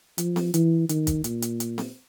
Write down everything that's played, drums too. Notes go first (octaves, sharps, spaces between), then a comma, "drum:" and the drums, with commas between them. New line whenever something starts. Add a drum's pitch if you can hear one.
F3, drum: hi-hat
drum: snare C4
E3, drum: hi-hat
D#3, drum: hi-hat
drum: kick, hi-hat
A#2, drum: hi-hat
drum: hi-hat
drum: hi-hat
drum: snare C4